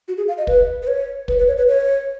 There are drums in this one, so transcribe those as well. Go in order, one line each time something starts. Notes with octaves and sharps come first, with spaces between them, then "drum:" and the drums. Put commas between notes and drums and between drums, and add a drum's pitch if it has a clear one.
F#4
G#4
F5
D#5
B4, drum: kick
B4
C#5
B4, drum: kick
B4
C#5
B4
C#5